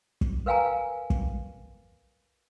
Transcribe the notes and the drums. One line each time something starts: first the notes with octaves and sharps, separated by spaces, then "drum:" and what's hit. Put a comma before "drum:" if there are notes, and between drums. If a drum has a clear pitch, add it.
drum: kick
A#4 B4 F5 G5 G#5 A#5
drum: kick